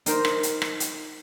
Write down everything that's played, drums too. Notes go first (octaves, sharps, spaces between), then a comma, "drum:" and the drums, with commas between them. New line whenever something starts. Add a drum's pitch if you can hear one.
D#4 A#4 C5, drum: hi-hat
drum: rim click
drum: hi-hat
drum: rim click
drum: hi-hat